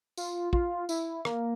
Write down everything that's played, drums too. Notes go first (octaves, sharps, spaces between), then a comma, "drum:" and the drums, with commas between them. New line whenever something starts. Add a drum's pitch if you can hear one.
F4, drum: tambourine
F4, drum: kick
E4, drum: tambourine
A#3, drum: rim click